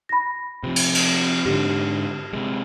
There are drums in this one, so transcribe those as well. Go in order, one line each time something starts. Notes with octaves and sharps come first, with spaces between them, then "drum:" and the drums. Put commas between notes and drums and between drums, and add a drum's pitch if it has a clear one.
B5 A#6
C3 F3
drum: cymbal
drum: cymbal
G#2 D3 G4
C3 G#3